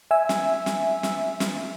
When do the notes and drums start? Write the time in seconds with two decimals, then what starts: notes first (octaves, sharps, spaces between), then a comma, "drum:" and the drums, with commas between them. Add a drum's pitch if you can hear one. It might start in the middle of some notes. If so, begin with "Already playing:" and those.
0.11 E5 G#5 E6
0.29 drum: snare
0.66 drum: snare
1.03 drum: snare
1.40 drum: snare